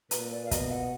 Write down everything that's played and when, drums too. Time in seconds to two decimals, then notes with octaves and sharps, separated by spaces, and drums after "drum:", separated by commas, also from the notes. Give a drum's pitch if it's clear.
0.11 A#2 B4, drum: hi-hat
0.31 D5
0.46 F5
0.51 B2 D#5, drum: kick, hi-hat
0.71 F#5